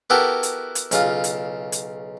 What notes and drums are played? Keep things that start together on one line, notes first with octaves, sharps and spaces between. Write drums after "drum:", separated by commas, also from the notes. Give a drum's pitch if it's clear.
B3 E4 F#4 G4 A4 A#4
drum: hi-hat
drum: hi-hat
B1 C#3 F4, drum: hi-hat
drum: hi-hat
drum: hi-hat